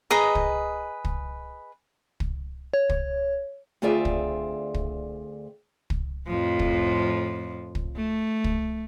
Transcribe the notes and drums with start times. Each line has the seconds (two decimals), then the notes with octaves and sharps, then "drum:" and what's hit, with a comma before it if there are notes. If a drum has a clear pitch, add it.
0.10 G#4 B4 D#5 A#5
0.35 drum: kick
1.05 drum: kick
2.20 drum: kick
2.74 C#5
2.89 drum: kick
3.82 D2 C4 F4 G#4 D5 E5
4.05 drum: kick
4.74 drum: kick
5.90 drum: kick
6.27 F2 A2 F3
6.59 drum: kick
7.75 drum: kick
7.96 A3
8.44 drum: kick